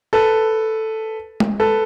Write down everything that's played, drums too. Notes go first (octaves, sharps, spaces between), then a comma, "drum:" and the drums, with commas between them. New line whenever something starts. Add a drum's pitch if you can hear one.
A4 B4
drum: tom G#3
A4 B4